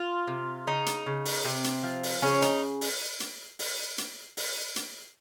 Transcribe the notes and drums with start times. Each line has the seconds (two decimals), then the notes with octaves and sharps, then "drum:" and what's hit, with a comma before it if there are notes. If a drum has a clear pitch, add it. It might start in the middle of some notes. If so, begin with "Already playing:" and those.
Already playing: F4
0.27 C3
0.67 C#3 D#4
0.86 drum: hi-hat
1.06 C#3
1.25 drum: open hi-hat
1.45 C3 C4
1.64 drum: hi-hat
1.83 F3
2.03 drum: open hi-hat
2.22 C#3 C#4
2.42 D#4, drum: hi-hat
2.81 drum: open hi-hat
3.20 drum: hi-hat
3.59 drum: open hi-hat
3.98 drum: hi-hat
4.37 drum: open hi-hat
4.76 drum: hi-hat